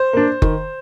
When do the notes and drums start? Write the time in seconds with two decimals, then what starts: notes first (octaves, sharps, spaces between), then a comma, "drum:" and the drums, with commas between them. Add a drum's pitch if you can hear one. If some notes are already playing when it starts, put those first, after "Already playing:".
Already playing: C5
0.13 A#3 D4
0.42 D#3, drum: kick F#1